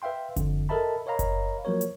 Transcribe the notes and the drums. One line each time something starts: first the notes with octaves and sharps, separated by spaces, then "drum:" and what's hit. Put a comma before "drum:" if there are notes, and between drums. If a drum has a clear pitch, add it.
B4 E5 F5 G5 C6
A#1 F2 D3, drum: kick F#1, hi-hat
A4 A#4 D#5 E5 A5 B5
A#4 C#5 D#5 F5 A#5 B5
drum: kick F#1, hi-hat
F3 F#3 A#3 A#4 C#5
drum: hi-hat